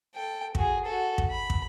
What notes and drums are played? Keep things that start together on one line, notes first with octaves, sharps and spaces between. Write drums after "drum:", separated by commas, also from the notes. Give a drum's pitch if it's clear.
A4 G5
F#4 G#4, drum: kick
F#4 A4
drum: kick
B5
drum: kick